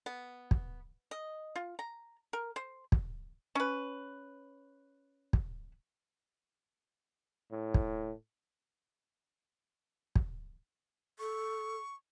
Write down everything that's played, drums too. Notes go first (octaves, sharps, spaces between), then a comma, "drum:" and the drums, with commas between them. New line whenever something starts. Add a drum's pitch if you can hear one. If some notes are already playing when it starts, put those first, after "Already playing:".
B3
drum: kick
D#5
F4
A#5
A#4
C5
drum: kick
C#4 B4
drum: kick
A2
drum: kick
drum: kick
A4 C#6